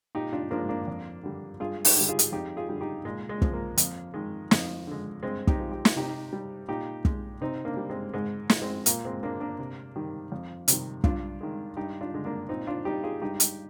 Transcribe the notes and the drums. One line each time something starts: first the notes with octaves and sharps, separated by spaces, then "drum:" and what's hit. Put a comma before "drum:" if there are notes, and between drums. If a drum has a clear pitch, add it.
A#2 D#4 G4
D4 F4
F3 G#3 A#3 D4
A#3 D4
F2
D3 G3
G2 F4 G#4
D#4 G4, drum: open hi-hat
D3 G3
F4 G#4
drum: hi-hat
F2 D#4 G4
F4 G#4
D3 G3
D#4 G4
A#2 G#3
G#3
F3 G#3, drum: kick
A#3
F2, drum: hi-hat
D#3 G#3
F2, drum: snare
D3 G#3
G2 G#3 C4
D#4 G4, drum: kick
F3 G#3
G4
F4, drum: snare
C3 D#4 G4
G3
A#2 D#4 G4
G#3, drum: kick
C3 C4 D#4
A#3 D4
G3
G#3 C4
G#2 G#3
F3 G#3, drum: snare
G#3 C4
A#2 A#3, drum: hi-hat
G#3 C4
G#3 A#3 D4
A#3 D4
C3
D#3 G3
F2
C3 D#3 G3, drum: hi-hat
G2 D4 F4, drum: kick
D#3 G#3
G2 D#4 G4
D4 F4
D3 G#3
A#3 D4
A#2 C4 D#4
D4 F4
G3 D#4 G4
F4 G#4
G2 D#4 G4
drum: hi-hat